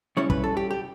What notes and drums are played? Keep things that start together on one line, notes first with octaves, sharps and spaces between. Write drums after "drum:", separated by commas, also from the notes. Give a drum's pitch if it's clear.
C#3 G3 C#4 E4 C#5
B4, drum: kick
A4
G4
G4